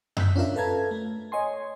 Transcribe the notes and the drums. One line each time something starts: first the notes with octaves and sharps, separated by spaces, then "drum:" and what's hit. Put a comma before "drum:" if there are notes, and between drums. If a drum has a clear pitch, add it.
E6 F#6 G6 B6, drum: tom F#2
C#4 D4 F4 A#4 E5
A4 B4 F5 A5 A#5 G#6
A3
C#5 D#5 G#5 C6